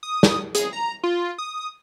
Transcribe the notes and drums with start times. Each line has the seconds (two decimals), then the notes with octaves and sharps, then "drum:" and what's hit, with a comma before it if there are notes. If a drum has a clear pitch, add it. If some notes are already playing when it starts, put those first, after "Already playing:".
0.03 D#6
0.23 drum: snare
0.55 G#4, drum: hi-hat
0.73 A#5
1.03 F4
1.38 D#6